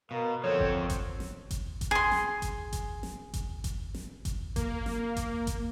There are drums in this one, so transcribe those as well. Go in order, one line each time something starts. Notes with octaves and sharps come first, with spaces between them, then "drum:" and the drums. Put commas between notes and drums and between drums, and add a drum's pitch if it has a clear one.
B2 A#4 F5
D3 F3 C4 A4 C#5
drum: kick G1
drum: kick G1, hi-hat
drum: snare
drum: kick G1, hi-hat
drum: kick G1, hi-hat
G#4 C6
drum: snare
drum: kick G1, hi-hat
drum: kick G1, hi-hat
drum: snare
drum: kick G1, hi-hat
drum: kick G1, hi-hat
drum: snare
drum: kick G1, hi-hat
A#3, drum: kick G1, hi-hat
drum: snare
drum: kick G1, hi-hat
drum: kick G1, hi-hat